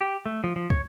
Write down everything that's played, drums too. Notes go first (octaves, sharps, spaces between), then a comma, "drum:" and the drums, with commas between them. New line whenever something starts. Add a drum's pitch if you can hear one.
G4
A3
F3
F3
C#5, drum: kick